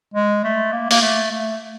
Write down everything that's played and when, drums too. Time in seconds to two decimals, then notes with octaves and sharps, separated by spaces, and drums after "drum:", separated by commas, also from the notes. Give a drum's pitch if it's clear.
0.14 G#3
0.44 A3
0.73 A#3
0.91 A#3, drum: open hi-hat
1.02 A3
1.31 A3